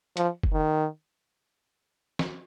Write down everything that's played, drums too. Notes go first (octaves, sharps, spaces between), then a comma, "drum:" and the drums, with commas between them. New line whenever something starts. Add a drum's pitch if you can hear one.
F3, drum: hi-hat
drum: kick
D#3
drum: snare